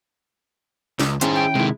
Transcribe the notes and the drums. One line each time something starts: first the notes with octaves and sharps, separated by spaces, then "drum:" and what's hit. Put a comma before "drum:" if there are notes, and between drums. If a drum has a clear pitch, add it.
C#2, drum: snare
D#3 C#4 E4 G#4 C5, drum: hi-hat
G5
C3 D#3 G#3 E4